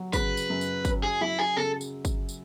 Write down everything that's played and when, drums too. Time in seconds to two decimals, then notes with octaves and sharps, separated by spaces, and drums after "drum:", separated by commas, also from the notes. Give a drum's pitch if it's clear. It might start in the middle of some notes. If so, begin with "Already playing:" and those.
Already playing: F#3
0.13 C#3 B4, drum: kick, tambourine
0.37 drum: tambourine
0.50 F#2
0.61 drum: tambourine
0.85 C#4, drum: kick, tambourine
1.03 G#4
1.21 F#3 E4
1.39 G#4
1.57 C#3 A4
1.81 drum: tambourine
2.05 drum: kick, tambourine
2.29 drum: tambourine